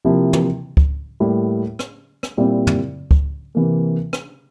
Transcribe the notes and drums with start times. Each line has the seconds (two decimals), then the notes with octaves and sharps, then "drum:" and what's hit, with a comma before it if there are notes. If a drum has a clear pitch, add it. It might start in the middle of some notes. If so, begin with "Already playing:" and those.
0.05 C3 F3 A#3 E4
0.33 drum: tom
0.77 drum: kick C#2
1.20 A2 G3 A#3 E4
1.79 drum: rim click
2.23 drum: rim click
2.37 A#2 G3 C4 E4
2.67 drum: tom
3.11 drum: kick C#2
3.55 C3 E3 A#3
4.13 drum: rim click